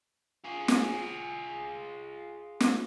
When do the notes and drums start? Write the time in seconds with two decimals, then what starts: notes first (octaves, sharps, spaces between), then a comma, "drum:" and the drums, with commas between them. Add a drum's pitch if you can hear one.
0.44 F4 G#4
0.68 drum: snare
2.60 drum: snare